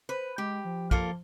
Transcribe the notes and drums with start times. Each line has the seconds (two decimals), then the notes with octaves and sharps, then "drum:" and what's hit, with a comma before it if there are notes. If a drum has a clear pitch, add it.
0.09 B4 C5
0.38 G#3 G4
0.65 F3
0.91 A#3 F4 A4, drum: kick